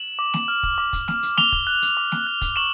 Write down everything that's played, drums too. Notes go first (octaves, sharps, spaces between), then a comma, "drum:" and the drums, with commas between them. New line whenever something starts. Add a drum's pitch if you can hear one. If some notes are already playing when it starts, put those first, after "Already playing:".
Already playing: E7 F#7
D6
drum: snare
F6
drum: kick
D6
drum: kick, hi-hat
F6, drum: snare
drum: hi-hat
D6 F7 G7, drum: snare
drum: kick
F#6
drum: hi-hat
D6
drum: snare
F#6
drum: kick, hi-hat
C#6 E7 F#7